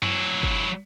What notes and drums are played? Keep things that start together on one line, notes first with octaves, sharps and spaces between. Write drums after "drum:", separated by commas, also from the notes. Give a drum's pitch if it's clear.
F#3 E4, drum: tom F#2
drum: kick